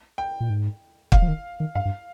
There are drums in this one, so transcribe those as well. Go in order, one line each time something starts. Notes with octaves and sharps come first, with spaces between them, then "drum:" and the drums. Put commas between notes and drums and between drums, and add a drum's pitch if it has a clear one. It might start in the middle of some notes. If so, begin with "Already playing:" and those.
G5
A#2
G#2
A#2 F5, drum: kick
F3
D#3
D#3
G2 F5
G2